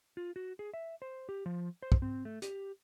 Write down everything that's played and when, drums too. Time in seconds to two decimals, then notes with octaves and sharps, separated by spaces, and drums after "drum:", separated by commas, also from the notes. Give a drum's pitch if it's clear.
0.17 F4
0.36 F#4
0.59 G#4
0.74 E5
1.02 C5
1.29 G4
1.46 F3
1.82 C5
1.92 drum: kick
2.02 C4
2.25 A3
2.42 G4, drum: hi-hat